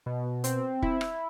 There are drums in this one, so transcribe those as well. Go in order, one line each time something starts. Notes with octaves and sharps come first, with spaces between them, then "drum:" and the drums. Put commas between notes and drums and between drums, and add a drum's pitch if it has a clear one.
B2
C4, drum: hi-hat
E4, drum: kick
drum: rim click